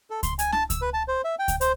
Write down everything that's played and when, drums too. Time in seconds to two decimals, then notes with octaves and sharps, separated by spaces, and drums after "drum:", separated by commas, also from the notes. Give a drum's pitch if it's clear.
0.10 A4
0.23 C6, drum: kick C#2, hi-hat
0.39 G#5, drum: hi-hat
0.52 A5, drum: snare
0.70 E6, drum: kick C#2, hi-hat
0.82 B4
0.94 A5
1.08 C5
1.24 E5
1.39 G5
1.48 drum: kick C#2, hi-hat
1.61 C5, drum: hi-hat